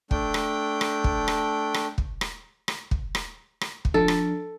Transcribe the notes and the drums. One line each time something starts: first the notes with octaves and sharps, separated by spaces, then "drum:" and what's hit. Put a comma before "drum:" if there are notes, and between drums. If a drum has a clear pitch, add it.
A3 D4 G5, drum: kick
drum: rim click
drum: rim click
drum: kick
drum: rim click
drum: rim click
drum: kick
drum: rim click
drum: rim click
drum: kick
drum: rim click
drum: rim click
drum: kick
F3 D4 A4
drum: rim click